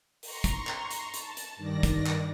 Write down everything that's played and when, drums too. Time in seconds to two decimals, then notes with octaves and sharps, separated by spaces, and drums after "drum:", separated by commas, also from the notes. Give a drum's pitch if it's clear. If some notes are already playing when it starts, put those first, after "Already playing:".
0.23 A#5 C6 C#6, drum: open hi-hat
0.44 drum: kick, hi-hat
0.67 drum: clap
0.90 drum: hi-hat
1.14 A5, drum: hi-hat
1.37 drum: hi-hat
1.56 G2 D#3 D5 A#6
1.83 drum: kick, hi-hat
2.07 drum: clap